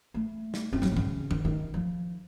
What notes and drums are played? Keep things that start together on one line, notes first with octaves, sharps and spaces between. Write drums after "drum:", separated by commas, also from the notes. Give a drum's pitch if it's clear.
A3
drum: snare
C4
F#3, drum: snare
D#3
C3, drum: kick
C#3
D#3, drum: tom D#3
D#3
F3